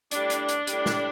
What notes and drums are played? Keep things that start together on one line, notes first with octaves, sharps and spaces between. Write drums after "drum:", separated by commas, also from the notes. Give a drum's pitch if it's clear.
A2 G3 D4, drum: hi-hat
drum: hi-hat
drum: hi-hat
A2 G3, drum: hi-hat
drum: snare